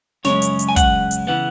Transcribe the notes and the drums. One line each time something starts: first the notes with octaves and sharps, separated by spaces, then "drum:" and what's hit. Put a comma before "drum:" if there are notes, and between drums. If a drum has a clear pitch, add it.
F#2 C#3 G#3 C#4 C#5, drum: snare
drum: hi-hat
drum: hi-hat
G#5
F#5, drum: kick, hi-hat
drum: hi-hat
C#3 E3 B3 F#5